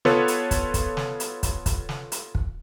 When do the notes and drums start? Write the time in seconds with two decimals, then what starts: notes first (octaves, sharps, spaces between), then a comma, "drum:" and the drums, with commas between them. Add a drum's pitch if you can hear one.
0.05 B3 F4 A4 B4 C#5, drum: snare
0.28 drum: hi-hat
0.51 drum: kick, hi-hat
0.74 drum: kick, hi-hat
0.97 drum: snare
1.20 drum: hi-hat
1.43 drum: kick, hi-hat
1.66 drum: kick, hi-hat
1.89 drum: snare
2.12 drum: hi-hat
2.35 drum: kick